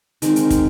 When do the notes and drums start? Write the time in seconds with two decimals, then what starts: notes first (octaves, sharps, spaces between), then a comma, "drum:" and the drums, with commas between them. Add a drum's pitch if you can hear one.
0.22 D#3 G#3 C4, drum: hi-hat
0.36 drum: hi-hat
0.50 drum: kick, hi-hat